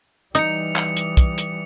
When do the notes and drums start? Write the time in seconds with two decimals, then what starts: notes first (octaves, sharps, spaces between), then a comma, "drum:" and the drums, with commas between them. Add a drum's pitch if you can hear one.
0.35 E3 G3 D#4 D#6 C#7, drum: hi-hat
0.76 drum: clap
0.97 drum: hi-hat
1.17 drum: kick, hi-hat
1.38 drum: hi-hat